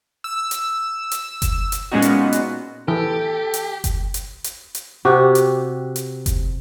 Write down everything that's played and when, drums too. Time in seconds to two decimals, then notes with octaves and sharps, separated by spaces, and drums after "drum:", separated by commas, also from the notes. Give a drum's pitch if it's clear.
0.24 E6
0.51 drum: hi-hat
1.12 drum: hi-hat
1.42 drum: kick F#1, hi-hat
1.72 drum: hi-hat
1.92 A#2 G#3 B3 C#4 D#4 F#4
2.02 drum: hi-hat
2.33 drum: hi-hat
2.88 E3 G4 A4
3.54 drum: hi-hat
3.84 drum: kick F#1, hi-hat
4.14 drum: hi-hat
4.44 drum: hi-hat
4.75 drum: hi-hat
5.05 C3 F#4 G4
5.35 drum: hi-hat
5.96 drum: hi-hat
6.26 drum: kick F#1, hi-hat